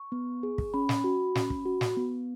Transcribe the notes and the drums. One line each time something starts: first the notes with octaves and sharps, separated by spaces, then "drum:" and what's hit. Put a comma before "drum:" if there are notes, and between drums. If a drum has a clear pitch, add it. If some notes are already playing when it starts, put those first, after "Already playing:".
Already playing: C#6
B3
G#4
drum: kick
C#4 B5
drum: snare
F#4
C#4, drum: snare
drum: kick
F#4
drum: snare
B3